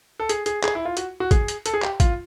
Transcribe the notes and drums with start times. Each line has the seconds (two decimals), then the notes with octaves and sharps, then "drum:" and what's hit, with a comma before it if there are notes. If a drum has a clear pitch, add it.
0.20 A4
0.29 G#4, drum: hi-hat
0.46 G#4, drum: hi-hat
0.64 G#4, drum: clap
0.75 E4
0.85 F4
0.97 F#4, drum: hi-hat
1.20 F#4
1.31 G#4, drum: kick, hi-hat
1.48 drum: hi-hat
1.66 A4, drum: hi-hat
1.74 G#4
1.82 G4, drum: clap
2.00 F4, drum: kick, hi-hat